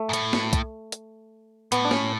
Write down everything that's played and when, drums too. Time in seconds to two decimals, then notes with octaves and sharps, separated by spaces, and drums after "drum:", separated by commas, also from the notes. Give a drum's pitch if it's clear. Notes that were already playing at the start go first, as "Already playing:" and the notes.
Already playing: A3
0.09 G#2
0.13 A2, drum: hi-hat
0.33 drum: snare
0.53 drum: kick, hi-hat
0.92 drum: hi-hat
1.72 A2 B3, drum: hi-hat
1.85 D4
1.91 C#4, drum: snare